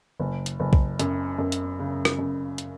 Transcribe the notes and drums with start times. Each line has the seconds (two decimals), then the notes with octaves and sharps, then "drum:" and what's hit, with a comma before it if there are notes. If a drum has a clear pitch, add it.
0.20 F#1
0.46 drum: hi-hat
0.60 F#1
0.73 drum: kick B1
0.99 F#2, drum: hi-hat
1.39 F#2
1.52 drum: hi-hat
1.79 C#3
2.05 drum: rim click
2.19 F#2
2.58 drum: hi-hat